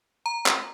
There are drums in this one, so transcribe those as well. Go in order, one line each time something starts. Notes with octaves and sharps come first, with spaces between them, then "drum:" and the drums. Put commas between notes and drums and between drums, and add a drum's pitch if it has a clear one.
A#5
drum: clap